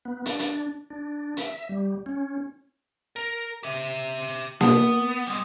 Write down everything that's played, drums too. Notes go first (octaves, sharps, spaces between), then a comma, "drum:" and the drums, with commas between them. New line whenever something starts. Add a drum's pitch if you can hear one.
B3
D4, drum: hi-hat
drum: hi-hat
D4
E5, drum: hi-hat
G3
C#4
A#4
G4 E5
B3, drum: snare A#3
G3 G#3